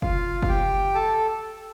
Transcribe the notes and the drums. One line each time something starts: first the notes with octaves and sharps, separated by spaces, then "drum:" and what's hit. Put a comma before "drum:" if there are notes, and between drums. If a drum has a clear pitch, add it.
F4 F5, drum: kick F#1
F5, drum: kick F#1
G4 G5
A4 A5